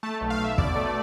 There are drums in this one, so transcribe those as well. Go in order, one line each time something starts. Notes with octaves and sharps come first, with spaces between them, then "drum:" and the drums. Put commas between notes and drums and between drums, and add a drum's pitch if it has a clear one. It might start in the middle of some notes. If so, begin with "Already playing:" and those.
A3 A5
B1
F5
B1
E5
B2 D5, drum: kick
A3